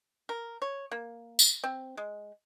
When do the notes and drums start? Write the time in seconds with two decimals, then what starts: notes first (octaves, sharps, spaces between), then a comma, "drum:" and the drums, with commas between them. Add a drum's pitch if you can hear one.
0.29 A#4
0.62 C#5
0.91 A#3
1.39 drum: tambourine
1.64 C4
1.97 G#3